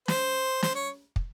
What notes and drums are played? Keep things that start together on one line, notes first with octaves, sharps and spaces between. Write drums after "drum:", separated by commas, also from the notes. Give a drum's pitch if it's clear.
C5, drum: snare
C5, drum: snare
C#5
drum: kick